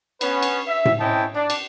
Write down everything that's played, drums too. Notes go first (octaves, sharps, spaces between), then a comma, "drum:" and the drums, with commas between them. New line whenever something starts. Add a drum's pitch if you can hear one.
B3 C#4 B4, drum: cymbal
drum: cymbal
E5
drum: tom A2
C4 C#4 E4 D#5 G5 A5
D4
drum: cymbal